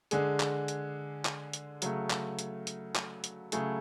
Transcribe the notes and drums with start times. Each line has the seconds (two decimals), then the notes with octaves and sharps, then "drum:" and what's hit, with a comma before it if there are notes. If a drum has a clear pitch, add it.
0.11 D3 G#3 G#4, drum: hi-hat
0.40 drum: clap
0.68 drum: hi-hat
1.25 drum: clap
1.53 drum: hi-hat
1.82 C#3 F#3 A3, drum: hi-hat
2.10 drum: clap
2.39 drum: hi-hat
2.67 drum: hi-hat
2.95 drum: clap
3.24 drum: hi-hat
3.52 C#3 F#3 A3 G#4, drum: hi-hat